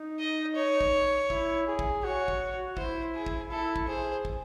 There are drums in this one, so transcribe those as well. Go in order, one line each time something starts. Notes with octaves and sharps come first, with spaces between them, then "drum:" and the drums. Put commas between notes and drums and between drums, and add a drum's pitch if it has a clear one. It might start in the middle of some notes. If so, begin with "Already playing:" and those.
Already playing: D#4
D#5
C#5
drum: kick
E4, drum: kick
G#4
drum: kick
F#4 C#5
drum: kick
E4 C5, drum: kick
G#4
drum: kick
E4 A4
drum: kick
G#4 C5
drum: kick